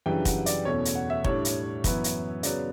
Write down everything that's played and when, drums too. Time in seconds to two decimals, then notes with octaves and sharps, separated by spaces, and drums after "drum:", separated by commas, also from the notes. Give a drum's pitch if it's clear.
0.06 F#2 C#3 E3 G3 D4 G5
0.25 F#5, drum: kick, hi-hat
0.46 D5, drum: hi-hat
0.65 E2 B2 A3 C#4 C#5
0.85 drum: hi-hat
0.95 F#5
1.10 E5
1.24 A2 G3 D4 C#5, drum: kick
1.45 drum: hi-hat
1.84 F#2 E3 B3 E4, drum: kick, hi-hat
2.04 drum: hi-hat
2.43 C#3 F#3 B3 D5, drum: hi-hat